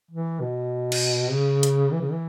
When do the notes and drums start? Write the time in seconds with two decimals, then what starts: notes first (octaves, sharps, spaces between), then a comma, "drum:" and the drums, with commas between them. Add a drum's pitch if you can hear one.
0.11 E3
0.41 B2
0.92 drum: cymbal
1.31 C#3
1.63 drum: hi-hat
1.92 E3
2.01 C#3
2.11 E3